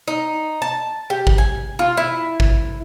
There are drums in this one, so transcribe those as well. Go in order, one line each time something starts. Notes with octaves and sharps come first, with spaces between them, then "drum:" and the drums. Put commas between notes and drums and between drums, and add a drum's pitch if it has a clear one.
D#4
A5
G4
drum: kick G#1
G#5
F4
E4
drum: kick G#1